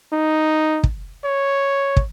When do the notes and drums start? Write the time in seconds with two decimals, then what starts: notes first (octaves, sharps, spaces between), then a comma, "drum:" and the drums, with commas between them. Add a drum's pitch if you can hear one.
0.13 D#4
0.84 drum: kick
1.24 C#5
1.97 drum: kick